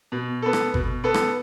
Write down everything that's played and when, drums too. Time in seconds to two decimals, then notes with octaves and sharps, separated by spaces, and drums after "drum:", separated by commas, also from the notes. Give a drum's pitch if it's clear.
0.12 B2
0.42 B3 A4
0.53 drum: rim click
0.74 B2, drum: kick G1
1.04 B3 A4
1.14 drum: rim click